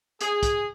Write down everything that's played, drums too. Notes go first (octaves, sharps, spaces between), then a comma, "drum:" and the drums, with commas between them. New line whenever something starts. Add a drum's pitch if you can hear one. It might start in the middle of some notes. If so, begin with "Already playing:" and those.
G#4, drum: hi-hat
drum: kick, hi-hat